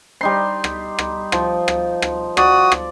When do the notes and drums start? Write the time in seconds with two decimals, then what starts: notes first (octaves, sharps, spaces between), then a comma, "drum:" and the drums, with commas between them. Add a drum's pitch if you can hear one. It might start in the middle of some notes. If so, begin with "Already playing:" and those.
0.21 G3 D#4 C6
0.64 drum: rim click
0.99 drum: rim click
1.32 F3, drum: rim click
1.68 drum: rim click
2.02 drum: rim click
2.37 F#4 D5 D#6, drum: rim click
2.72 drum: rim click